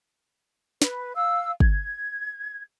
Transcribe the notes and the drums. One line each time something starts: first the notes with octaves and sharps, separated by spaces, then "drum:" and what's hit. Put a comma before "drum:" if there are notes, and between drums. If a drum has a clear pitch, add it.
B4, drum: snare
F5 E6
G#6, drum: kick